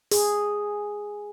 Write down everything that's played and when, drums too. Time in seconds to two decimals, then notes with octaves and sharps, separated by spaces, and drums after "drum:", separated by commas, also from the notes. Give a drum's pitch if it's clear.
0.12 G#4, drum: open hi-hat